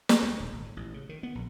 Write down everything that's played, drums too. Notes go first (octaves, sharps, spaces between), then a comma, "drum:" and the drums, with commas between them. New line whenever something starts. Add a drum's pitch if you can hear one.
drum: snare
D2
D#1
G#1
A2
A1
C#3
D#3
B3
A#1